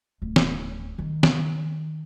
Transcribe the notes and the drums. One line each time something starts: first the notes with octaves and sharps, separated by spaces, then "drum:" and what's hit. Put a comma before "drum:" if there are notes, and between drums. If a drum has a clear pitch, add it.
D1
drum: snare
D#3
drum: snare